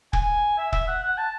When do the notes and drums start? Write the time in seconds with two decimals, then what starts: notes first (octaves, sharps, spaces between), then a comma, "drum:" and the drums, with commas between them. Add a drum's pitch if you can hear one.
0.13 G#5, drum: kick
0.58 E5
0.72 E5, drum: kick
0.88 F#5
1.03 F#5
1.18 A5